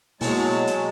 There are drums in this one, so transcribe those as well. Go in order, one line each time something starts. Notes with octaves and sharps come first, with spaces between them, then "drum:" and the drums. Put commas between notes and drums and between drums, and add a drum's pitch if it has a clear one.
B2 F#3 G#3 A#3 E4 A5, drum: open hi-hat
drum: hi-hat